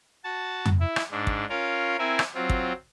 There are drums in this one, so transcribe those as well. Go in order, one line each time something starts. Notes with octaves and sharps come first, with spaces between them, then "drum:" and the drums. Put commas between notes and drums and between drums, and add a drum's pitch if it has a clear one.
F#4 A5
drum: tom F2
E4
drum: rim click
G#2 D4
drum: kick
C#4 F4 A#4 F5
C4 E4 A#4 G#5
drum: rim click
F#3 C4 F4
drum: kick